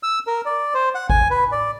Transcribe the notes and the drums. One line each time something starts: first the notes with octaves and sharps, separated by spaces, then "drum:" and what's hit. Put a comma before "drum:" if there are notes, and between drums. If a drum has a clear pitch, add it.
E6
A#4
D5
C5
F#5
G#5, drum: kick G#1
B4
D5